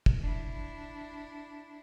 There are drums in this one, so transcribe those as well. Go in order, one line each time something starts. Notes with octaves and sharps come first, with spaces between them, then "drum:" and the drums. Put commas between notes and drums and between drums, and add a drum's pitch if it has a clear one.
drum: kick
D4 E4